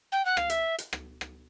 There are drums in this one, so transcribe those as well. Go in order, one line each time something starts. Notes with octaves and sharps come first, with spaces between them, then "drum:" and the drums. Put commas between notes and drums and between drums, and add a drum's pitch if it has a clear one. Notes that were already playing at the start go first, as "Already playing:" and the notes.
G5
F#5
F5, drum: rim click
E5, drum: hi-hat
drum: hi-hat
drum: rim click
drum: rim click